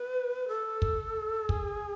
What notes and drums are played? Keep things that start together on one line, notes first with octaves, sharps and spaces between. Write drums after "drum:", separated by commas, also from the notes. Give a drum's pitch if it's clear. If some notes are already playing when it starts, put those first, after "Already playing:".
Already playing: B4
A4
drum: kick
G#4, drum: kick